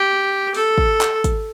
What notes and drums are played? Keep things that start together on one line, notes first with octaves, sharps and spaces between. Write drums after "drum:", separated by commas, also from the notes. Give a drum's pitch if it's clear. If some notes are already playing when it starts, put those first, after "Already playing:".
Already playing: G4
A4, drum: open hi-hat
drum: kick
drum: clap
drum: kick, hi-hat